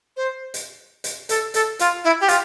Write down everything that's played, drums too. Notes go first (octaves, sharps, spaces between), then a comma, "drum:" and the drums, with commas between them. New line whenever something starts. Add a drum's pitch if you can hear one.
C5
drum: hi-hat
drum: hi-hat
A4, drum: hi-hat
A4, drum: hi-hat
F4, drum: hi-hat
E4
G4
F4, drum: hi-hat